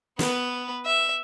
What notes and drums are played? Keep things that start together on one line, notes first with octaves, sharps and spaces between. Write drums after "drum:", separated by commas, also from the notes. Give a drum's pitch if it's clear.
B3 B4, drum: snare
E5